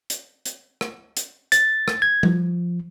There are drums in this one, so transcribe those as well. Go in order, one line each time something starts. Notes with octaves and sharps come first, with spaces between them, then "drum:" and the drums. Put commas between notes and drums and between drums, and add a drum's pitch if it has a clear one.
drum: hi-hat
drum: hi-hat
drum: rim click
drum: hi-hat
A6, drum: hi-hat
drum: rim click
G#6
F3, drum: tom G3